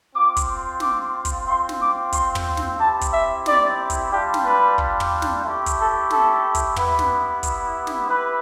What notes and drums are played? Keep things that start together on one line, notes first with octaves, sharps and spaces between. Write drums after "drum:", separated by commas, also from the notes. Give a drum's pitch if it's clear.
C4 F4 D6
drum: kick, hi-hat
D6, drum: snare
drum: kick, hi-hat
C4 F4 C6
drum: snare
D6
C6, drum: kick, hi-hat
drum: tom
drum: snare
C4 E4 G4 A5
drum: kick, hi-hat
E5
D5, drum: snare
drum: kick, hi-hat
G3 D4 F4 G4
drum: snare
B4
drum: kick
drum: tom
drum: snare
A3 E4 G4
drum: kick, hi-hat
A4
A4, drum: snare
drum: kick, hi-hat
B3 E4 G4 B4, drum: tom
drum: snare
drum: kick, hi-hat
drum: snare
E4 G4 B4